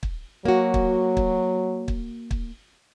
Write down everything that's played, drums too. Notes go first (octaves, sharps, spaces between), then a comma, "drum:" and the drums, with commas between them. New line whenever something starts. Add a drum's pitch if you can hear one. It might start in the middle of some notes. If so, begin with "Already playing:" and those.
drum: kick
F#3 A#3 F#4
drum: kick
drum: kick
drum: kick
drum: kick